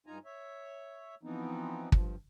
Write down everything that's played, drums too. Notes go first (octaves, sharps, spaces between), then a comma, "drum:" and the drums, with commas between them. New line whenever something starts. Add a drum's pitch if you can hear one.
G2 D#4 F4 G#5 A#5
C#5 E5
E3 F3 B3 C4 D#4
G2 F3, drum: kick